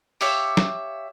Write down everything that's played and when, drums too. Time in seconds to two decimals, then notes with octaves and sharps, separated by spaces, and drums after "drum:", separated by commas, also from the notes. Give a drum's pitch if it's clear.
0.21 G4 C#5 E5 F5, drum: open hi-hat
0.57 drum: snare